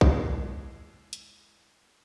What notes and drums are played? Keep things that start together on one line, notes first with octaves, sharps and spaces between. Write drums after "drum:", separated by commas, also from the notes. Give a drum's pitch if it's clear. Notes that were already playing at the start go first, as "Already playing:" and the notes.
D#2 E3 G#3, drum: kick
drum: hi-hat